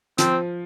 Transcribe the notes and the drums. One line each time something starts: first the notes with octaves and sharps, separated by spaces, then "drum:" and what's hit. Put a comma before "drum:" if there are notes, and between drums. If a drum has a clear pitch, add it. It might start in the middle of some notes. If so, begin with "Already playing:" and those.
F3 C4, drum: hi-hat